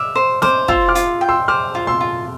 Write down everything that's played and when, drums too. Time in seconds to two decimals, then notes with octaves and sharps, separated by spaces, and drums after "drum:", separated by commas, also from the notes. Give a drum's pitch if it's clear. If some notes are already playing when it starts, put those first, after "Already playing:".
Already playing: E5 D6 F6
0.15 C5
0.42 C5 D6 F6, drum: snare
0.68 F4 C6 E6, drum: kick
0.88 D6 F6
0.95 F4, drum: hi-hat
1.21 G5
1.29 C6 E6
1.48 C5 D6 F6
1.75 F4
1.87 C6 E6
2.01 F4